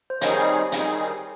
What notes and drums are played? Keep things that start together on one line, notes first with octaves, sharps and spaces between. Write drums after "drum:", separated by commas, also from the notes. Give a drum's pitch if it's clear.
C5
D#3 G3 C4 D#4 G#4 C#5, drum: hi-hat
D#3 G3 C4 D#4 G#4, drum: hi-hat